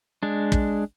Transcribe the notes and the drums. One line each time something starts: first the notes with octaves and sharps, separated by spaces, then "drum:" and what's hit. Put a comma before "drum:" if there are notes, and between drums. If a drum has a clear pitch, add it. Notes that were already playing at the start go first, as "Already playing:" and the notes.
G#3 D4
drum: kick